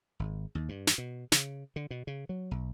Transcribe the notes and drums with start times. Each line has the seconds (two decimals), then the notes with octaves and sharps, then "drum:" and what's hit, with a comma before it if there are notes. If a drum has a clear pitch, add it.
0.19 G#1
0.55 D#2
0.69 G2
0.87 drum: snare
0.98 B2
1.32 C#3, drum: snare
1.76 D3
1.91 B2
2.07 C#3
2.29 F#3
2.51 B1